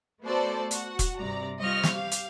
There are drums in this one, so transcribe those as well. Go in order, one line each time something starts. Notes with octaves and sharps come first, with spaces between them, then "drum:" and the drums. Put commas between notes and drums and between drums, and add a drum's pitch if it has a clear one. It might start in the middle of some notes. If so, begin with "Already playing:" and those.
A3 B3 F#4 A4 C5 D5
F#4 F#5, drum: hi-hat
drum: kick E1, hi-hat
G2 C3 D5 A#5
G3 C4 F4 D#5 C#6 F6
drum: snare
G4 F5
drum: hi-hat